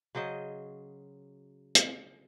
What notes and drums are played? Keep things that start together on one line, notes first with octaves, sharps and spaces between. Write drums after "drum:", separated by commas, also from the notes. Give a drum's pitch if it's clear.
C#3 F#3 C5 D#5
drum: hi-hat